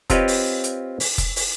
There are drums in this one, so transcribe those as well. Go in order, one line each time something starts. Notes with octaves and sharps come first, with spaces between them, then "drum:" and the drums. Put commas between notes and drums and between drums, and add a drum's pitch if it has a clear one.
C4 F4 G4 B4 C#5 D#5, drum: kick F1, hi-hat
drum: open hi-hat
drum: hi-hat
drum: open hi-hat
drum: kick F1, hi-hat
drum: open hi-hat